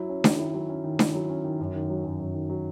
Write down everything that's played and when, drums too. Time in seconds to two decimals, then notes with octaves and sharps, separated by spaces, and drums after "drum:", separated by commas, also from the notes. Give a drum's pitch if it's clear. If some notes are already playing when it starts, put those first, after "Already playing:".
Already playing: F#3 E4
0.09 C#4
0.24 D#3, drum: snare D4
0.39 E4
0.54 F#3
0.69 C#4
0.84 D#3
0.99 E4, drum: snare D4
1.14 F#3
1.29 C#4
1.44 D#3
1.60 F#2
1.75 D#3
1.90 F#3
2.05 F#2
2.20 F#2
2.34 D#3
2.50 F#3